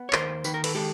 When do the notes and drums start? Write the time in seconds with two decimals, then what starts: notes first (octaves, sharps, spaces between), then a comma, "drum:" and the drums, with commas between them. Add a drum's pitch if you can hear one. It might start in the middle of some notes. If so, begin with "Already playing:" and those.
Already playing: B3
0.09 C#5
0.13 D#2 A#4 C5, drum: clap
0.44 D#3 B4, drum: tambourine
0.54 A#4
0.64 A4 B4, drum: cymbal
0.75 G#3 G4 A4